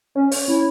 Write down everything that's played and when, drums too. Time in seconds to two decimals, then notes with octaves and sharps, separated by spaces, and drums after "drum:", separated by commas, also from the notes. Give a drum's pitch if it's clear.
0.15 C#4 C#5
0.32 C#5, drum: open hi-hat
0.48 C#4 E4